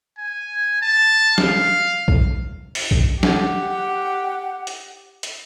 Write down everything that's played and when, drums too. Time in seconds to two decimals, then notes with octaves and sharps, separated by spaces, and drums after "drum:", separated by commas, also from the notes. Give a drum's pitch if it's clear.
0.19 G#5
0.82 A5
1.38 F5, drum: snare
2.08 drum: kick B1
2.75 drum: open hi-hat
2.91 drum: kick B1
3.23 G4 F#5, drum: snare
4.67 drum: hi-hat
5.23 drum: hi-hat